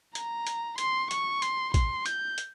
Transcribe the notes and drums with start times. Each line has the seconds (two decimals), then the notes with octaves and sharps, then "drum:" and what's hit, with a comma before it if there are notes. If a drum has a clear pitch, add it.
0.15 A#5, drum: hi-hat
0.47 drum: hi-hat
0.78 C6, drum: hi-hat
1.11 C#6, drum: hi-hat
1.42 C6, drum: hi-hat
1.74 C6, drum: kick A1, hi-hat
2.06 G6, drum: hi-hat
2.38 drum: hi-hat